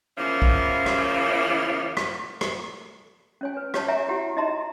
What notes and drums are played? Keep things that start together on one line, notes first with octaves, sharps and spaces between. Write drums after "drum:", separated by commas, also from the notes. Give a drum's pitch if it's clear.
E2 C#3 F3 A#3 C#4 E4
drum: kick
drum: rim click
drum: rim click
drum: rim click
C#4 C#5 G#5
B4
G4 C#5 A5, drum: rim click
C#5 E5 F#5 G#5 A#5
E4 F#4 G4 F#5
D#4 D#5 E5 A5 A#5 C6